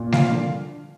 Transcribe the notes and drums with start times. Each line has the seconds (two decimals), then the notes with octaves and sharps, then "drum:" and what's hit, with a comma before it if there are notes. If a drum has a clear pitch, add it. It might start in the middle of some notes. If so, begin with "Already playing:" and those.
Already playing: A#2
0.12 F3 F5, drum: snare G3
0.31 D3